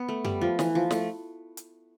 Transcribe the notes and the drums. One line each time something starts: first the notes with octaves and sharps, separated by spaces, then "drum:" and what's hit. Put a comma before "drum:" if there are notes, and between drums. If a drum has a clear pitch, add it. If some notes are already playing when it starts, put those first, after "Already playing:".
Already playing: B3
A3
G3, drum: tom F#2
F3
E3, drum: snare
F3
A3, drum: snare
drum: hi-hat